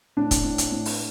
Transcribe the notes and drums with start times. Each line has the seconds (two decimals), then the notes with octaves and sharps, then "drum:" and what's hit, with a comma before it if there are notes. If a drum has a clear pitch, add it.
0.17 A2 D4
0.31 drum: kick, hi-hat
0.45 A2
0.58 drum: hi-hat
0.72 A2
0.85 drum: open hi-hat